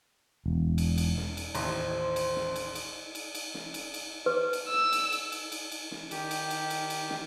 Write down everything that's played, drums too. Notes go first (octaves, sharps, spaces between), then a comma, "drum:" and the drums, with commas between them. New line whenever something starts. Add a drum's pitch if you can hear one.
E1
drum: cymbal
drum: cymbal
drum: snare
drum: cymbal
A1 D#2 C5 C6, drum: cymbal
drum: cymbal
drum: snare
drum: cymbal
drum: cymbal
drum: cymbal
drum: cymbal
drum: snare
drum: cymbal
drum: cymbal
B4
drum: cymbal
E6
drum: cymbal
drum: cymbal
drum: cymbal
drum: cymbal
drum: cymbal
drum: snare
D#3 G4, drum: cymbal
drum: cymbal
drum: cymbal
drum: cymbal
drum: cymbal
drum: snare